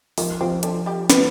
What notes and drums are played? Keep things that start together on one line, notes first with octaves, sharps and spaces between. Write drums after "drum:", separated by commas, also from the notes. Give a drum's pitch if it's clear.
D#3 F3, drum: open hi-hat
F3 C4
D3 D4, drum: hi-hat
G3 G4
B3 B4, drum: snare